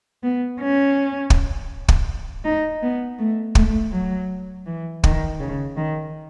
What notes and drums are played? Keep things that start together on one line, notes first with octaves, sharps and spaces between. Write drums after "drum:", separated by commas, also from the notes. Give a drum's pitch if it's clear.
B3
C#4
drum: kick
drum: kick
D#4
B3
A3
A3, drum: kick
F#3
E3
D#3, drum: kick
C#3
D#3